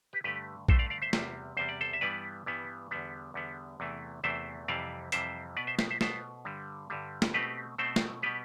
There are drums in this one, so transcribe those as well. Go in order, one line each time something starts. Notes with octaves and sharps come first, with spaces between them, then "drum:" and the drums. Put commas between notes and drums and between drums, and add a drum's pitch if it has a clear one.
G4 B4
G2 D3 A3 G4 B4
G2 D3 A3 A4 C5, drum: kick A#1
D5 F5
D5 F5
C5 E5
E2 C3 G3, drum: snare
E2 C3 G3 C5
D5
A4 C5
E5
G2 E3 G3 B3 B4 D5
G2 E3 G3 B3
E2 D3 G3 B3
E2 D3 G3 B3
E2 C3 E3 A3
E2 C3 E3 A3 C5 E5
F2 C3 E3 G3 D5 F5
F2 C3 E3 G3 C5 E5, drum: hi-hat
B2 B3 B4 D5
C5 E5
C5 E5, drum: snare
C5 E5
B2 B3 A4 C5, drum: snare
G2 D3 G3
G2 D3 G3
drum: snare
B2 A3 C4 G4 B4
B2 A3 C4 A4 C5
drum: snare
B2 G3 B3 G4 B4